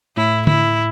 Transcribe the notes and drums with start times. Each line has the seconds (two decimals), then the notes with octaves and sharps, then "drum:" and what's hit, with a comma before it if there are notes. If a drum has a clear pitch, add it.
0.16 A2 E4
0.47 E4, drum: tom D3